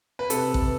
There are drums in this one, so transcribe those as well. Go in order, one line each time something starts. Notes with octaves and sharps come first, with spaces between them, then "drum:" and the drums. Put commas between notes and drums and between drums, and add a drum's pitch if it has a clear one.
B4
C3 A4, drum: hi-hat
drum: kick A1